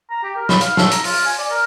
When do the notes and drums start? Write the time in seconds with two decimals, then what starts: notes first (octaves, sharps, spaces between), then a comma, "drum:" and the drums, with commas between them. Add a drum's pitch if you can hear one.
0.11 A#5
0.23 G4
0.36 A#4
0.49 B5, drum: snare
0.61 F5, drum: hi-hat
0.77 A4, drum: snare
0.91 A#5, drum: hi-hat
1.04 F4, drum: open hi-hat
1.25 G#5
1.39 D5
1.51 A#4